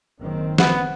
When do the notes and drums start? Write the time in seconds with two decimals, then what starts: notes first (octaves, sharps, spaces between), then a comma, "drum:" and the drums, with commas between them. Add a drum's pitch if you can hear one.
0.21 F#1 D#3 C4
0.58 B3 F#5, drum: snare